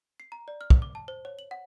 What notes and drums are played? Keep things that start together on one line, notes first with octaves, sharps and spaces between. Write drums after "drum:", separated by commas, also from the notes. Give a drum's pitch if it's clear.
C7
A#5
D5
F6
drum: kick
D6
A5
C5
C#5
F#7
F#5